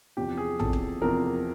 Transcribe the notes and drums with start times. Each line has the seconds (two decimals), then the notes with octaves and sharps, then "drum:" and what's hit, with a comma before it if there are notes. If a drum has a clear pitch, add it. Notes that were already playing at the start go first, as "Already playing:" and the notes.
0.17 E2 C3 F3 G4
0.37 G#4
0.59 E2 C3 F3 A4, drum: tom A1
0.73 drum: kick
1.01 E2 C3 F3 A#4